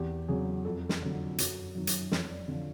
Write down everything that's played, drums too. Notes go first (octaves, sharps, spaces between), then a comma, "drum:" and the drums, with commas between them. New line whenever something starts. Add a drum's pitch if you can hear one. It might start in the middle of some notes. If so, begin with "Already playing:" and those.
Already playing: E2 G4
C#3 F#3 G#4
F2 A4
drum: snare
D3 F#3
F#2, drum: hi-hat
D#3 F#3
drum: hi-hat
F2 C#5, drum: snare
D5
D3 F3 D5